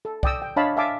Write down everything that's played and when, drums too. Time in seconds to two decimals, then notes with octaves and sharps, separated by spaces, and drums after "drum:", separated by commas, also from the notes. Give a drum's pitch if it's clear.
0.05 A4
0.23 D5 G5 D#6 E6, drum: kick C2
0.42 G5
0.56 D4 C#5 D#5 F5 A5 B5
0.77 E5 F5 G#5 A5 D6